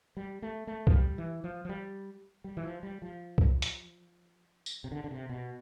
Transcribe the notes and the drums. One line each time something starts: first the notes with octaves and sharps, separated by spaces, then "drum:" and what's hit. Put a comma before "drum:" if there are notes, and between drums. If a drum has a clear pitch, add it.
G3
A3
A3
F3, drum: kick
G3
E3
F3
F3
G3
G3
E3
F3
G3
F3
drum: kick
drum: hi-hat
drum: tambourine
C3
D3
D3
C3
B2